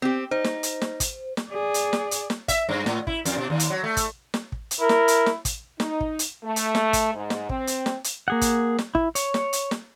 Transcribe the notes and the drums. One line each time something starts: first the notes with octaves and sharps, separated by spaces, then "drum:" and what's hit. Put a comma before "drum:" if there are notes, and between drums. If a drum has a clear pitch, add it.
C4 G4
D#4 C5
drum: snare
drum: hi-hat
drum: snare
drum: kick, hi-hat
drum: snare
G#4 D5
drum: hi-hat
drum: snare
drum: hi-hat
drum: snare
E5, drum: kick, hi-hat
G2
A2, drum: snare
E4, drum: kick
F2, drum: hi-hat
B2
D#2
drum: hi-hat
F#3
A3
drum: kick, hi-hat
drum: snare
drum: kick
drum: hi-hat
E4 A#4
drum: snare
drum: hi-hat
drum: snare
drum: kick, hi-hat
D#4, drum: snare
drum: kick
drum: hi-hat
A3
drum: hi-hat
drum: snare
drum: kick, hi-hat
G#2
drum: snare
C4, drum: kick
drum: hi-hat
drum: snare
drum: hi-hat
A#3 G#4 F#5
drum: kick, hi-hat
drum: snare
E4, drum: kick
C#5, drum: hi-hat
drum: snare
drum: hi-hat
drum: snare